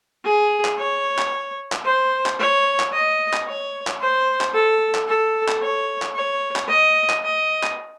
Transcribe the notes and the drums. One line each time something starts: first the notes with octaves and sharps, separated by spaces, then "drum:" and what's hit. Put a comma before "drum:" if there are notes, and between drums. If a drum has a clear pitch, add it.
G#4
drum: clap
C#5
drum: clap
drum: clap
C5
drum: clap
C#5
drum: clap
D#5
drum: clap
C#5
drum: clap
C5
drum: clap
A4
drum: clap
A4
drum: clap
C#5
drum: clap
C#5
drum: clap
D#5
drum: clap
D#5
drum: clap